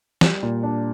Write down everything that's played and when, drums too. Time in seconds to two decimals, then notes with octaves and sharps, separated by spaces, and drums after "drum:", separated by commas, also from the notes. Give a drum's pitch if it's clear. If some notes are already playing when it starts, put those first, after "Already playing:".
0.21 G3, drum: snare
0.43 A#2
0.63 D4